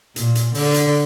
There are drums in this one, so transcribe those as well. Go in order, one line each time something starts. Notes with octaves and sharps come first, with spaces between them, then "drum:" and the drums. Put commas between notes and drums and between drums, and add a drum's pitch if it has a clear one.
A#2, drum: hi-hat
drum: hi-hat
D3, drum: open hi-hat
drum: hi-hat